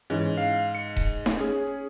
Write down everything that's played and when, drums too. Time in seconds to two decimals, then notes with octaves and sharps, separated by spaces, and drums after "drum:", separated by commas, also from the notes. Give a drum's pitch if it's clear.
0.10 G#2 E3 C#4
0.37 F5
0.75 C#7
0.96 drum: kick D#1
1.26 drum: snare D#4
1.37 C#4 G#4